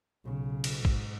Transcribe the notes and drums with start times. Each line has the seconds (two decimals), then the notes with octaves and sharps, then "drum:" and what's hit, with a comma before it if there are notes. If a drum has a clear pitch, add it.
0.25 B1 C#3
0.64 drum: cymbal
0.85 G#2, drum: kick A1